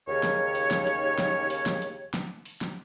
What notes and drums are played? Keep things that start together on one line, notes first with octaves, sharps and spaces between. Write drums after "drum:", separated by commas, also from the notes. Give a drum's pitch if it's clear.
D#2 C#3 C#5
drum: snare
drum: open hi-hat
drum: snare
drum: hi-hat
drum: snare
drum: open hi-hat
drum: snare
drum: hi-hat
drum: snare
drum: open hi-hat
drum: snare